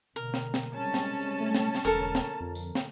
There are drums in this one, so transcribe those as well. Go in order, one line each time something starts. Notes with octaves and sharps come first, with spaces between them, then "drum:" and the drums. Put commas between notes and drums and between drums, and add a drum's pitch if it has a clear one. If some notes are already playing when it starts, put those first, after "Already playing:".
B2 D3 A#3 A#4
drum: snare
drum: snare
C3 G3 G#3 C#4 A5
drum: snare
A3
drum: snare
drum: snare
E1 D3 A4 A#4
drum: snare
F2
drum: tambourine
drum: snare